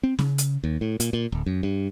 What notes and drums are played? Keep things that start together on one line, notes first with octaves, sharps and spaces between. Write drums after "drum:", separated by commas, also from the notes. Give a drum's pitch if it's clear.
C4
C#3, drum: snare C#4
drum: hi-hat
D#2
A2
A#2, drum: hi-hat
A#2
D1
F#2
G2